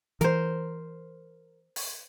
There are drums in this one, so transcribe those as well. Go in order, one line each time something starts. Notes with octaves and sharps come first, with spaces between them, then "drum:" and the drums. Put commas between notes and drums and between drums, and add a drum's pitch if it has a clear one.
E3 A#4 C5, drum: hi-hat
drum: open hi-hat